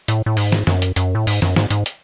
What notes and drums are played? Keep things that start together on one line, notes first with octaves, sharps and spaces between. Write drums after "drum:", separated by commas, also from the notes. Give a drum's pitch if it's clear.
A2, drum: hi-hat
A2
G#2, drum: open hi-hat
drum: snare
F#2, drum: snare
drum: hi-hat
F#2, drum: hi-hat
A2
G#2, drum: open hi-hat
F#2, drum: snare
G#2, drum: snare
G#2, drum: hi-hat
drum: hi-hat